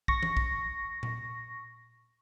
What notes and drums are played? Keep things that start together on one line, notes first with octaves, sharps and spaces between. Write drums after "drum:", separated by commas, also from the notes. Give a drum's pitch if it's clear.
C#6 A#6, drum: kick
drum: tom E3
drum: kick
drum: tom A#2